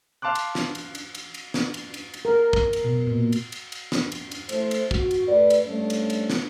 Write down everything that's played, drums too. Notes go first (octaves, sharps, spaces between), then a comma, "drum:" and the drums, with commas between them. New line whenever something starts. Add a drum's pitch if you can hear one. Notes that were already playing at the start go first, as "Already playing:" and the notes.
F5 A5 C6 D6 F#6
drum: cymbal
drum: snare
drum: cymbal
drum: cymbal
drum: cymbal
drum: cymbal
drum: snare
drum: cymbal
drum: cymbal
drum: cymbal
A#4
drum: kick
drum: cymbal
B2
A#2
drum: cymbal
drum: cymbal
drum: cymbal
drum: snare
drum: cymbal
drum: cymbal
A3 E4 A4 C5, drum: cymbal
drum: cymbal
F#4, drum: kick
drum: cymbal
A3 G4 B4 D5
drum: cymbal
G2 G3 A3 C#4 D4 C5
drum: cymbal
drum: cymbal
drum: snare